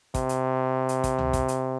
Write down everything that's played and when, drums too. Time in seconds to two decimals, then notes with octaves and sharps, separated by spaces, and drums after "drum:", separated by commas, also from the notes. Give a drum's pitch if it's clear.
0.14 C3, drum: kick, hi-hat
0.29 drum: hi-hat
0.89 drum: hi-hat
1.04 drum: kick, hi-hat
1.19 drum: tom C#2
1.33 drum: kick, hi-hat
1.48 drum: hi-hat